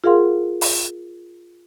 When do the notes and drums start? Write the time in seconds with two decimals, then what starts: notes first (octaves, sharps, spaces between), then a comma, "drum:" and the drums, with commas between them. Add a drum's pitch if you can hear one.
0.04 F4 G#4 A#4 F5 F#5 C6
0.61 drum: open hi-hat